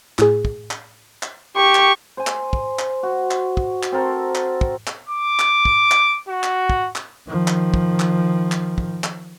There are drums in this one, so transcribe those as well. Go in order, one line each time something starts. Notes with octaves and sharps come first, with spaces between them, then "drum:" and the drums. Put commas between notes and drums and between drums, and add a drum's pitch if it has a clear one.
A2 G#4, drum: clap
drum: kick
drum: clap
drum: clap
G4 C#6
drum: clap
C5 G#5
drum: clap
drum: kick
drum: clap
F#4
drum: clap
drum: kick
drum: clap
C4 A4 A#4 C5
drum: clap
drum: kick
drum: clap
D6
drum: clap
drum: kick
drum: clap
F#4
drum: clap
drum: kick
drum: clap
D#3 F3
drum: clap
drum: kick
drum: clap
drum: clap
drum: kick
drum: clap